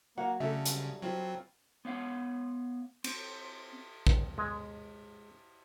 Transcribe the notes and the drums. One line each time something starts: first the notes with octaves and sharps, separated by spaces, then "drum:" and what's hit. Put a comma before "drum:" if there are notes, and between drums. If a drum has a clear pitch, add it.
F#3 A#3 F#5
C#3 A3 D4 A4 E5 A#5
G3, drum: hi-hat
F#3 C4 F4 B4
B3 C#5 F5 F#5
C4, drum: cymbal
drum: kick
G#3